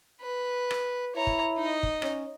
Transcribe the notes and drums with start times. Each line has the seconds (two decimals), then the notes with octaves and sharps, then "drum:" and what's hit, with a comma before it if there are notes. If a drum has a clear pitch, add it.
0.21 B4
0.71 drum: rim click
1.15 E4 C#5 A#5
1.27 drum: kick
1.57 D#4 D#5
1.83 drum: kick
2.02 C#4, drum: rim click